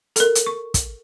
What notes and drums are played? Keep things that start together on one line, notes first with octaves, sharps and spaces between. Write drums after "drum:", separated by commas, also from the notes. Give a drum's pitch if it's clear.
A4 A#4, drum: hi-hat
drum: hi-hat
C#6
drum: kick, hi-hat